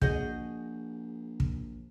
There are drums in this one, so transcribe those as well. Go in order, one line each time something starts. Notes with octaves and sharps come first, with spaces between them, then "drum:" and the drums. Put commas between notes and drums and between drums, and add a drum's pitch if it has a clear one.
A#1 F#4 G#4 D#5 G6, drum: kick
drum: kick